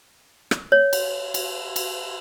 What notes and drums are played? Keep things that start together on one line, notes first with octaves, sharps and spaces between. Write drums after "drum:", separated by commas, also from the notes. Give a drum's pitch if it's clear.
drum: rim click
C#5
drum: cymbal
drum: cymbal
drum: cymbal